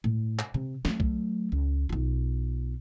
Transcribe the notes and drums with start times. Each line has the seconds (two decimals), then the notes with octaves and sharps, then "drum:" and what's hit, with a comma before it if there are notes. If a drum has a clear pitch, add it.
0.04 A2
0.39 drum: clap
0.54 C3
0.85 F#3 A3, drum: snare
1.00 drum: kick
1.52 C#2
1.89 B1 F4